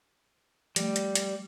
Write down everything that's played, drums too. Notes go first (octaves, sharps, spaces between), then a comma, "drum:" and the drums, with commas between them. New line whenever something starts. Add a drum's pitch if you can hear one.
F3 G3 A3, drum: hi-hat
drum: hi-hat
drum: hi-hat